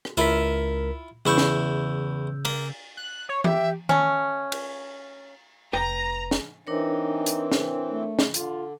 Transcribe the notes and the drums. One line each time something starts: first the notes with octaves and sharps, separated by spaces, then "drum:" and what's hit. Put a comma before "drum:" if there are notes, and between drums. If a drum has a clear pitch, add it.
drum: rim click
C#2 E4 F4 A#4 E5 B6
E2 C#3 E4 C#6 E6 G6
drum: snare
A#3, drum: cymbal
F#6
C#5
G4 E5, drum: tom E3
A3 C#4, drum: tom D#3
drum: cymbal
F1 B4 G5 A#5
drum: snare
E3 C4 D4 D#4 A#4 C#5
drum: hi-hat
drum: snare
A3
drum: snare
D3 F4, drum: hi-hat